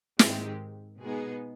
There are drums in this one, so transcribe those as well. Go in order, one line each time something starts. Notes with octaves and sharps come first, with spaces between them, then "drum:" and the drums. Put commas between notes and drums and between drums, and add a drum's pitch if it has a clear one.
G#2 D#3 G#3 C4 G4, drum: snare
B2 G#3 B3 D#4 G#4